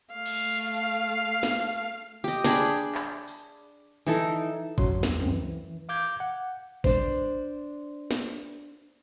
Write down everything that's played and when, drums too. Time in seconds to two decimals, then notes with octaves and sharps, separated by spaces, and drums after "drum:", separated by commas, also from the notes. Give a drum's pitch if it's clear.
0.13 A3 F5
0.26 drum: cymbal
1.43 drum: snare
2.24 G4 D#5
2.44 D4 G#4 G5 B5, drum: snare
2.95 drum: clap
3.28 drum: open hi-hat
4.07 E3 D#4 A4
4.78 F#2 F#3 C6, drum: kick G#1
5.03 E2, drum: snare
5.19 C#2 F#2 A3 C4
5.32 E3
5.89 F5 D6 G6 G#6
6.20 F#5
6.84 D4 C5, drum: kick G#1
8.11 drum: snare